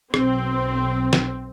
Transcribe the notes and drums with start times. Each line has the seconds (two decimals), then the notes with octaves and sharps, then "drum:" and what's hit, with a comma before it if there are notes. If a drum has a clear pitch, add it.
0.14 B1 C4, drum: rim click
1.13 drum: snare